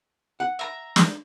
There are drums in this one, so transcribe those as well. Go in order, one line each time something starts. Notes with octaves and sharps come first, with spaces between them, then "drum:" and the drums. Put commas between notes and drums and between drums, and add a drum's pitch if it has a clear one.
F#5
E5 A#5
drum: snare